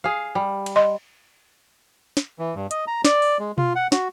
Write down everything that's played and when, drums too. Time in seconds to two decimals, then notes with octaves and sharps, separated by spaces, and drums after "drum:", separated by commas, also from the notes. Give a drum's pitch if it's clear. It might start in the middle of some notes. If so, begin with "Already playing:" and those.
0.04 G#4 F5
0.35 G3
0.66 drum: cymbal
0.76 D#5 C6
2.17 drum: snare
2.39 E3
2.55 G2
2.71 D#5, drum: hi-hat
2.87 A#5
3.05 D5, drum: snare
3.22 drum: open hi-hat
3.40 G#3
3.58 F4, drum: tom B2
3.75 F#5
3.92 F#4, drum: snare